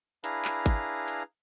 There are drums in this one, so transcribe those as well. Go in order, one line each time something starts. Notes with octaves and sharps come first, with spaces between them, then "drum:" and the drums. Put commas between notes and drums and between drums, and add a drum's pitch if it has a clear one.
D4 E4 G#4 B4 F5 A#5, drum: hi-hat
drum: clap
drum: kick G#1, hi-hat
drum: hi-hat